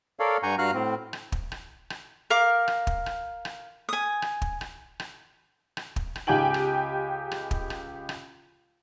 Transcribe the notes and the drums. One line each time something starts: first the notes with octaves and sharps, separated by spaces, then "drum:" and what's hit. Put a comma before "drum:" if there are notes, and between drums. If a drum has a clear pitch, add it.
A4 A#4 C#5 D5 F5
G2 F#5 G#5 A#5 C#6 G6
G2 F#4 F5 A#5 F6 F#6
A2 C4
drum: rim click
drum: kick
drum: rim click
drum: rim click
A#4 F5 D6
drum: rim click
drum: kick
drum: rim click
drum: rim click
G#5 D#6
drum: rim click
drum: kick
drum: rim click
drum: rim click
drum: rim click
drum: kick
drum: rim click
C#2 G4 G5 G#5 F#7
drum: rim click
drum: rim click
drum: kick
drum: rim click
drum: rim click